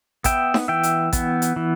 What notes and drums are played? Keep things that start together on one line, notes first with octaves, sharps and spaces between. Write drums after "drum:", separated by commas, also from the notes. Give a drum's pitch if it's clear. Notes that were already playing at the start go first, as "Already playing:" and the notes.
B3 E5 G5, drum: kick A1, hi-hat
drum: snare D#4
E3 E5 G5
drum: hi-hat
B3, drum: kick A1, hi-hat
drum: hi-hat
E3